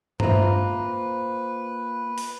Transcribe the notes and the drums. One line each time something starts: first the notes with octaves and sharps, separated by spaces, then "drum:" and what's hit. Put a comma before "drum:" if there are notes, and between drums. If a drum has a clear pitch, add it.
A#3 F4 B4 C5 E5 A#5, drum: tom G2
drum: open hi-hat